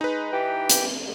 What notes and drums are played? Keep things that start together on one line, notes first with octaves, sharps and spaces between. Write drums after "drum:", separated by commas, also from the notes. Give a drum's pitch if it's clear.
G#3 D#4 B4
E3 G4 G5
drum: hi-hat